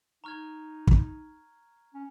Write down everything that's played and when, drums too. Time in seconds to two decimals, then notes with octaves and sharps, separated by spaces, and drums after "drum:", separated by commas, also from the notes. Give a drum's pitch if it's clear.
0.24 D#4 A#5 C#6 F6 G#6
0.87 drum: kick
1.94 C#4